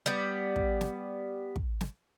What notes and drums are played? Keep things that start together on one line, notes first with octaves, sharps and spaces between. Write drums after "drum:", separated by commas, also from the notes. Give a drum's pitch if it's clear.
G3 B3
drum: kick
drum: snare
drum: kick
drum: snare